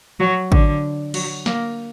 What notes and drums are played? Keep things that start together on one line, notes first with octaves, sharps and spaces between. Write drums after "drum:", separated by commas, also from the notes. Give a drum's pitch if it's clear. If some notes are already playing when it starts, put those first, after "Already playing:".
F#3
D3, drum: kick G#1
F#3, drum: cymbal
A#3, drum: snare